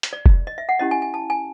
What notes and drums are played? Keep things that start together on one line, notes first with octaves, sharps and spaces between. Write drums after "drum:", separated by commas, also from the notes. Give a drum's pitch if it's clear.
drum: hi-hat
D5
drum: kick F1
D#5
E5
F#5
C#4 E4 G4 D#5
G#5
G#5
A5
G#5